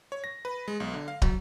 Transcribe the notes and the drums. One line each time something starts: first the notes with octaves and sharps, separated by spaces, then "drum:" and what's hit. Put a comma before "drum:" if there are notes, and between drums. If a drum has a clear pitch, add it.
C#5
A#6
B4
G#3
B1
D3
F5
F#3, drum: kick